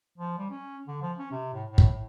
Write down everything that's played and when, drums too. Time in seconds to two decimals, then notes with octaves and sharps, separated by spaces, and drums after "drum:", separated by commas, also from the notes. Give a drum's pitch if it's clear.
0.18 F3
0.38 G3
0.50 C#4
0.88 D3
1.02 F3
1.18 C#4
1.31 C3
1.53 A2
1.68 A2
1.78 drum: kick
1.92 A2